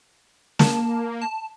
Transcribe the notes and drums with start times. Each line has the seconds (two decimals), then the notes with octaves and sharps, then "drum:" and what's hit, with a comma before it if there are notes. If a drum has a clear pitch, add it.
0.59 A#3 A5, drum: snare
1.21 A5